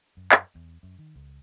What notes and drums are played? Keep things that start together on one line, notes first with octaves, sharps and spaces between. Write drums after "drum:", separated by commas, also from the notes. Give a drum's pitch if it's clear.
F#2
drum: clap
E2
F#2
D#3
C#2